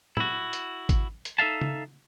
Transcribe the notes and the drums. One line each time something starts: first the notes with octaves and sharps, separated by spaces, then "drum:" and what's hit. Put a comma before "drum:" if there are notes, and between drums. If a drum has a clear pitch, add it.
E4 F#4, drum: tom
drum: hi-hat
drum: kick G#1, hi-hat
drum: hi-hat
D#4 A4 E5 F5 A5
drum: tom